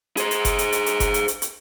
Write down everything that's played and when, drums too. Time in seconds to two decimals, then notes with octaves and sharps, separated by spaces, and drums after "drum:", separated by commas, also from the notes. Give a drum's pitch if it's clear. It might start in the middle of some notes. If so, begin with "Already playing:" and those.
0.17 G#4 C5, drum: hi-hat
0.31 drum: hi-hat
0.45 drum: kick F#1, hi-hat
0.59 drum: hi-hat
0.72 drum: hi-hat
0.86 drum: hi-hat
1.00 drum: kick F#1, hi-hat
1.14 drum: hi-hat
1.28 drum: hi-hat
1.42 drum: hi-hat